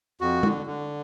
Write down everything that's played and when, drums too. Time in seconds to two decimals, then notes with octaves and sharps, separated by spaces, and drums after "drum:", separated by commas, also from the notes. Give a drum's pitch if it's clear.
0.21 F2 F#4
0.43 D3, drum: tom
0.66 D3